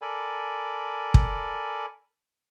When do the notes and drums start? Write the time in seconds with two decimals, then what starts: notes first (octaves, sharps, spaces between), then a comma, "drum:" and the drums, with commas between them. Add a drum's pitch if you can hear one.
0.02 A4 A#4 D5 G#5 B5
1.14 drum: kick